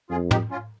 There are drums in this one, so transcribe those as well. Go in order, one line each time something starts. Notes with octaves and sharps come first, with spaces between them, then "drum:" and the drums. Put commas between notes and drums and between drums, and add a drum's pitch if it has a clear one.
F2 F4 G#4
D#4 G4, drum: tom
C#4 F4